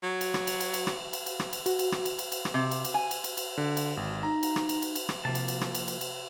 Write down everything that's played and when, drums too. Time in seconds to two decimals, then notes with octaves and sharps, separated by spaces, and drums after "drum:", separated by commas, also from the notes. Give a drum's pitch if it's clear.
0.03 F#3
0.21 drum: cymbal
0.34 drum: rim click
0.47 drum: cymbal
0.60 drum: cymbal
0.74 drum: cymbal
0.87 drum: rim click
1.13 drum: cymbal
1.26 drum: cymbal
1.40 drum: rim click
1.53 drum: cymbal
1.66 F#4, drum: cymbal
1.79 drum: cymbal
1.92 drum: rim click
2.05 drum: cymbal
2.19 drum: cymbal
2.32 drum: cymbal
2.45 drum: rim click
2.54 C3
2.71 drum: cymbal
2.85 drum: cymbal
2.94 G#5
3.11 drum: cymbal
3.24 drum: cymbal
3.37 drum: cymbal
3.58 D3
3.77 drum: cymbal
3.97 G#1
4.23 D#4 A#5
4.43 drum: cymbal
4.56 drum: rim click
4.69 drum: cymbal
4.82 drum: cymbal
4.95 drum: cymbal
5.09 drum: rim click
5.25 C3 F3 A#3 A5
5.35 drum: cymbal
5.48 drum: cymbal
5.61 drum: rim click
5.75 drum: cymbal
5.88 drum: cymbal
6.01 drum: cymbal